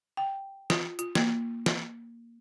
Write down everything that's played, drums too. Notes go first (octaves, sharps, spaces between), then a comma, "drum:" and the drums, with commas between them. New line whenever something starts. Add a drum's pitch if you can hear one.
G5
F4, drum: snare
F4, drum: hi-hat
A#3, drum: snare
drum: snare